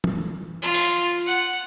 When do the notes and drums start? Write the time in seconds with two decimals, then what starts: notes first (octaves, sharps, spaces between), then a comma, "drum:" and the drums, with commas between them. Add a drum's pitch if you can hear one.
0.04 drum: tom
0.62 F4
0.74 drum: open hi-hat
1.26 F#5